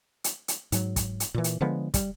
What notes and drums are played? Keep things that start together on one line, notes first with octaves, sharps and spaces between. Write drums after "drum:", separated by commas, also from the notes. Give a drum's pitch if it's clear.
drum: hi-hat
drum: hi-hat
G#2 F#3, drum: hi-hat
drum: kick, hi-hat
drum: hi-hat
A#2 E3
drum: hi-hat
D3 F3 G#3 B3
G3, drum: kick, hi-hat